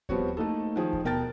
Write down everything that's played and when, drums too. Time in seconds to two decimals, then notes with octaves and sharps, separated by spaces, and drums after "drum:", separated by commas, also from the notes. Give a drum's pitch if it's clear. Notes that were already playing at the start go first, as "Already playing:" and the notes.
0.09 F3 G3 B3 C4 F#4 C#5, drum: kick D#2
0.37 A3 A#3 D#4 A4
0.76 D#3 F3 G#4
0.93 drum: kick D#2
1.05 B2 A#4 G5 A5 A6